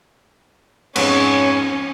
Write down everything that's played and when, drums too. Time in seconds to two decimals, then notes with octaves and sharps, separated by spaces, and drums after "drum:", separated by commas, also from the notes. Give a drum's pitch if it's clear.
0.96 F2 G#2 B3 C#4 C#5, drum: cymbal